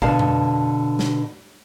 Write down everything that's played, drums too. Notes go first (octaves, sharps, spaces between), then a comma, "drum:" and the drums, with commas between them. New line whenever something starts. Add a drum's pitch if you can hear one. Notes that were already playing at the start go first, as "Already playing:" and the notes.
B2 D3 F5 A5, drum: kick
drum: tom F2
drum: snare